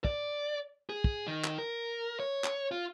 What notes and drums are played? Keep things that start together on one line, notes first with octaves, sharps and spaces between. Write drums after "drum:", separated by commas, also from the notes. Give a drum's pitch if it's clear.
D5, drum: kick
G#4
drum: kick
D#3
drum: clap
A#4
C#5
drum: clap
F4